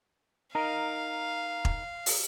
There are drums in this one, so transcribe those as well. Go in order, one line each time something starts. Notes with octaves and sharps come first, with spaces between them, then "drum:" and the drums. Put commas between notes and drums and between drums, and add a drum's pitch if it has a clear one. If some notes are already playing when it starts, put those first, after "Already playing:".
D#4 A#4 F5 A#5
drum: kick E1
drum: open hi-hat